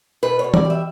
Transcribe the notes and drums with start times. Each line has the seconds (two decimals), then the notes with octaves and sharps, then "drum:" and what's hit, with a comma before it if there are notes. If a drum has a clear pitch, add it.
0.23 B2 B4
0.39 C#5
0.44 B2
0.54 D5, drum: tom E3
0.65 G3
0.70 E5